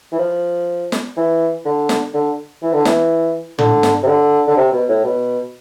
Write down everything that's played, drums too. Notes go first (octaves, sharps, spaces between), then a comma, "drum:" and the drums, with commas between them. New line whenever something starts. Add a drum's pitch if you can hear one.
E3
F3
drum: snare
E3
D3
drum: snare
D3
E3
D3
E3, drum: snare
D3, drum: tom
drum: snare
C3
D3
D3
C3
B2
A2
B2